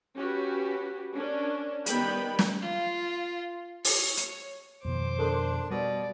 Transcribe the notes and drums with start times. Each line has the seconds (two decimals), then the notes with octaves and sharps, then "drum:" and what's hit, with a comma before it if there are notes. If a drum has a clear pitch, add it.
0.16 C#4 F#4 G4 B4
1.15 C#4 D4 A#4
1.86 D#3 G3 B3 B4 G5 B5, drum: hi-hat
2.39 drum: snare
2.62 F4
3.85 C#5, drum: open hi-hat
4.17 drum: hi-hat
4.85 F2 B2 D#3 C5 D6
5.19 D4 A4 A#4 C6
5.70 B2 G3 D5